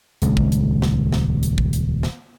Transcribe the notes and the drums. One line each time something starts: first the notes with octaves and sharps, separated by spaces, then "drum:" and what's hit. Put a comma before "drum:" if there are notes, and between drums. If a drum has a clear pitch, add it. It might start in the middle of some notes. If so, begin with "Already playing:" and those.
D#1 C#2, drum: hi-hat
drum: kick
drum: hi-hat
drum: snare
drum: snare
drum: hi-hat
drum: kick
drum: hi-hat
drum: snare